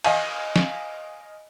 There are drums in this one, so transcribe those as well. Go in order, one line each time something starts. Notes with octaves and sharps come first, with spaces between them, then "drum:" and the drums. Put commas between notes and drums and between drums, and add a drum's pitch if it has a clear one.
D#5 F5 G#5, drum: cymbal
drum: snare